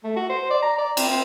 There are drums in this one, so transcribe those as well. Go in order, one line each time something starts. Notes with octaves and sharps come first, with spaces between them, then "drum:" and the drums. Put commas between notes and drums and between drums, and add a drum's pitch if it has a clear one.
A3
F#4
C5
D5
A#5
D5
C4, drum: cymbal
C4